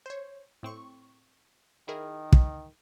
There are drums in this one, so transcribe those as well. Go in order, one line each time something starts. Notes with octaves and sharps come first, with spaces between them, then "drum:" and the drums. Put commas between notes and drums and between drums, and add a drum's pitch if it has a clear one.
C5 C#5
A2 C4 C#6
D#3 E4 G#4 A#4
drum: kick